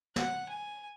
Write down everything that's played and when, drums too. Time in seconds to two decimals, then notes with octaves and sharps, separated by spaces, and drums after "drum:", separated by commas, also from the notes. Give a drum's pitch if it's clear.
0.16 F#5, drum: snare
0.49 G#5